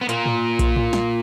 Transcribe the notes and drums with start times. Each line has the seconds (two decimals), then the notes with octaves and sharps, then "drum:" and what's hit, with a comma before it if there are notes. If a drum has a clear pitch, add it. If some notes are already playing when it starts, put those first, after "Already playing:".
0.01 B3
0.09 A#2 A#3, drum: hi-hat
0.26 drum: tom G#2
0.59 drum: kick B1, hi-hat
0.76 drum: tom G#2
0.93 drum: snare